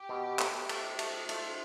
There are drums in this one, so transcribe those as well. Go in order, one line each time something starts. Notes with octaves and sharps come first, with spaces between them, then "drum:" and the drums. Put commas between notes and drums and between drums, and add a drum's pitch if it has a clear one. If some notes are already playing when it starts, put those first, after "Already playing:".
Already playing: G4
B2
A3, drum: clap
A3, drum: cymbal
A3, drum: cymbal
A3 F4, drum: cymbal